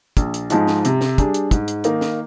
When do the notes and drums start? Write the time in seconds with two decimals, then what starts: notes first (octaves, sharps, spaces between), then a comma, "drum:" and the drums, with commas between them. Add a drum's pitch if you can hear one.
0.17 A#1, drum: kick, hi-hat
0.34 drum: hi-hat
0.50 G#2 F3 G#3 D#4, drum: hi-hat
0.67 drum: snare
0.85 C3, drum: hi-hat
1.01 drum: snare
1.18 G3 D4 G#4, drum: kick, hi-hat
1.34 drum: hi-hat
1.51 G#2, drum: kick, hi-hat
1.68 drum: hi-hat
1.84 D#3 A#3 D#4 A#4, drum: hi-hat
2.01 drum: snare